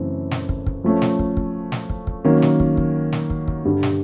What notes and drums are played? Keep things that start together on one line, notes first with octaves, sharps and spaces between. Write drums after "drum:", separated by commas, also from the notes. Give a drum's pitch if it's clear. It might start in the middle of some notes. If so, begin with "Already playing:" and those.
Already playing: F#2 C#3 E3 A3 C4
drum: snare
drum: kick
drum: kick
F3 A3 C#4
drum: snare
drum: kick
drum: kick
drum: snare
drum: kick
drum: kick
D#3 F#3 A#3 C#4
drum: snare
drum: kick
drum: kick
drum: snare
drum: kick
drum: kick
G2 D3 G3
drum: snare